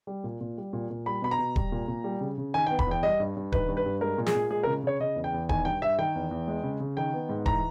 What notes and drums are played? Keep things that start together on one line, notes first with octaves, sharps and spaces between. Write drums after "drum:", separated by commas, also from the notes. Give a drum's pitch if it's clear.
G3
A#2
A#2
G3
A#2
A#2
G3 B5
B2 B5
A#5
B2
G3, drum: kick D#1
A#2
A#2
G3
C#3
C#3
D#3 G#5
G5
B3
B5, drum: kick D#1
E2 G5
G3 D#5
G2
G2
D#3 B4, drum: kick D#1
G2
B4
G2
G#3 A#4
A#2
G#4, drum: snare
A#2
G#3 G#4
C#3 A#4
C#3 C#5
C#3 D#5
E2
G5
E2
D#3 G#5, drum: kick D#1
G2 G5
G2 E5
D#3 G5
E2
E2
G#3
C#3
C#3
D#3 G5
B3
G#2
E3 A#5, drum: kick D#1